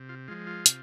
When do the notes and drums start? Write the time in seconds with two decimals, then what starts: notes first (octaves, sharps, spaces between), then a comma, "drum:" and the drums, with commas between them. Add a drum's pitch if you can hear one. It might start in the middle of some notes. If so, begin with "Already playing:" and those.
Already playing: C3
0.09 F4
0.28 F3 G#3 F4
0.47 F4
0.66 C3, drum: hi-hat